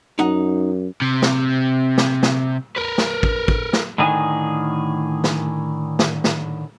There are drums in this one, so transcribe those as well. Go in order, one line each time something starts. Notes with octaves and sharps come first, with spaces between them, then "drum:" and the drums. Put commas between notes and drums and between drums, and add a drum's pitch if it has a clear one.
F#2 D#4 F#5
C3
drum: snare
drum: snare
drum: snare
A#4 B4
drum: snare
drum: kick
drum: kick
drum: snare
A2 D3 D#3 G#4 D#5 G#5
drum: snare
drum: snare
drum: snare